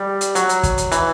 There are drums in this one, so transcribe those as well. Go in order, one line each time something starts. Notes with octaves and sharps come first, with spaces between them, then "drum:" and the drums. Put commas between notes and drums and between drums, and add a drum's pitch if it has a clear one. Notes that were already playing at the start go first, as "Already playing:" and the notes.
Already playing: G3
drum: hi-hat
F#3, drum: hi-hat
drum: hi-hat
drum: kick, hi-hat
drum: hi-hat
E3, drum: hi-hat